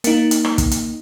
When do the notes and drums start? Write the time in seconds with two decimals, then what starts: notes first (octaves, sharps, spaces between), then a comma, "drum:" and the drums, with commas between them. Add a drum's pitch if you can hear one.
0.04 A#3 D#4, drum: hi-hat
0.31 drum: hi-hat
0.45 drum: rim click
0.58 drum: kick, hi-hat
0.71 drum: hi-hat